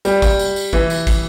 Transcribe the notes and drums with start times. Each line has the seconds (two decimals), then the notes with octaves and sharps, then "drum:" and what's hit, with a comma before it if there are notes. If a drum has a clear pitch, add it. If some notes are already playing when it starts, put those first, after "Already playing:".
0.05 G3, drum: tambourine
0.22 drum: kick, tambourine
0.39 drum: tambourine
0.56 drum: tambourine
0.73 E3, drum: kick
0.90 drum: tambourine
1.07 drum: kick, tambourine